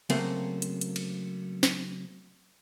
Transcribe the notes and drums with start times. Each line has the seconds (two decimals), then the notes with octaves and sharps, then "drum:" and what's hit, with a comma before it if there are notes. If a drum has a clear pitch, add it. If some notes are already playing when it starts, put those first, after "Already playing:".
0.10 C#3 F#3 A3 A#3 C4 C5, drum: cymbal
0.62 drum: hi-hat
0.81 drum: hi-hat
0.96 drum: cymbal
1.63 drum: snare